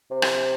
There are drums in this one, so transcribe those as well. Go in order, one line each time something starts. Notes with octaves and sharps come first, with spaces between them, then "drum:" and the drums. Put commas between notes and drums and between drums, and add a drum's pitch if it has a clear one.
C3
drum: rim click